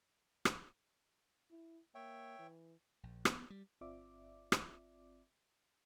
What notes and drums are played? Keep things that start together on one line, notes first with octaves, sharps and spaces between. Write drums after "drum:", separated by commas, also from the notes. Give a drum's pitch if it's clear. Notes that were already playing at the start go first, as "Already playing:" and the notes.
drum: rim click
E4
A#3 C#5 E5 G5
E3
A#1
B3, drum: rim click
G3
G1 C4 F4 D5 E5 D6
drum: rim click